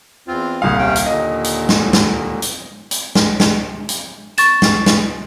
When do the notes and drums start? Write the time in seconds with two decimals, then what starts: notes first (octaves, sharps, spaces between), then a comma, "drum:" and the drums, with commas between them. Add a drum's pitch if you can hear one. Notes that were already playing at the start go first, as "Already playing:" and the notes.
0.28 E2 C4 F4
0.62 D#1 C2 G3 G#4 F5
0.78 C3 C#4 G5
0.96 drum: hi-hat
1.06 D#2 A#2 D3 D#5
1.44 drum: hi-hat
1.69 drum: snare
1.93 drum: snare
2.42 drum: hi-hat
2.91 drum: hi-hat
3.15 drum: snare
3.40 drum: snare
3.89 drum: hi-hat
4.38 C#6 A6 E7, drum: hi-hat
4.62 drum: snare
4.86 drum: snare